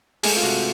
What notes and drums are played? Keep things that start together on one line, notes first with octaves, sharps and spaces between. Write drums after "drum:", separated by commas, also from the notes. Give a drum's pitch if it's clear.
G#3 A3 G#4, drum: open hi-hat
F4
C3 F#4